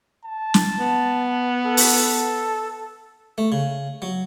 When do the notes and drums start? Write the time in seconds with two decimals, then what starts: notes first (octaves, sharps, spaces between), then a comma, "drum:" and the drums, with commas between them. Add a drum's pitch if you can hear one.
0.24 A5
0.54 drum: snare
0.79 B3
1.66 A4
1.77 drum: open hi-hat
3.38 A3
3.52 C#3
4.02 F#3